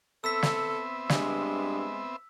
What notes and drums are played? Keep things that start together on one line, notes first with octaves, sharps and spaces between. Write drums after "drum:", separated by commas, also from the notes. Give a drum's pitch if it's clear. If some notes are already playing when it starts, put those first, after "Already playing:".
B3 C4 A4 E5 E6 B6
drum: snare
G2 G#3, drum: snare